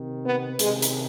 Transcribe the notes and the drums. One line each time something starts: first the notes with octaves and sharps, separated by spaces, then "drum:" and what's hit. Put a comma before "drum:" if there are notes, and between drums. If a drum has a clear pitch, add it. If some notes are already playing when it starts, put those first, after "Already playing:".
Already playing: C3 D#3
B3
C3 D#3 G#3, drum: hi-hat
drum: hi-hat